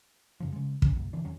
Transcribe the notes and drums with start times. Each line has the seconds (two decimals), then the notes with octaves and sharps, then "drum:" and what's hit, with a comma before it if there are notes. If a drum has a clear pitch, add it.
0.40 F#2 C#3 F3
0.52 C#3 G#3
0.82 F2 C#4, drum: kick
0.96 F#1 B1 F#2
1.13 B2 D3 E3 D4
1.25 E2 D#3 F#3 C#4